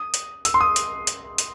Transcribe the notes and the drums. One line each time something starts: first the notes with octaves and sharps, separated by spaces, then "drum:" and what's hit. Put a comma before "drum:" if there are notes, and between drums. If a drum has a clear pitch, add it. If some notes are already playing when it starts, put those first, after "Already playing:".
Already playing: D#6
drum: hi-hat
E6, drum: hi-hat
C6
D#6
drum: hi-hat
drum: hi-hat
drum: hi-hat